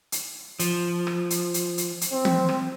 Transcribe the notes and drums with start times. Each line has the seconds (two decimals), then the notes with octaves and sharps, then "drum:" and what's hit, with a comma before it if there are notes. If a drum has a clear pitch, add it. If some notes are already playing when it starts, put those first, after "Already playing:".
0.12 drum: hi-hat
0.59 F3, drum: hi-hat
1.07 drum: rim click
1.30 drum: hi-hat
1.54 drum: hi-hat
1.78 drum: hi-hat
2.01 drum: hi-hat
2.12 C4
2.25 drum: tom
2.49 drum: rim click